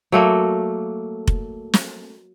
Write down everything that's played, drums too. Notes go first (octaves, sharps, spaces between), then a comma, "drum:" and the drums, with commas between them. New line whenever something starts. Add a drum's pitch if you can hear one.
F#3 A3 A#3
drum: kick F1
drum: snare